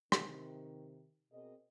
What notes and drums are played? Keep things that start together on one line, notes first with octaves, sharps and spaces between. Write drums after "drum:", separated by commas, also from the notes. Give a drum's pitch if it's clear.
C3 D#3, drum: rim click
B2 C4 G#4 A#4 D#5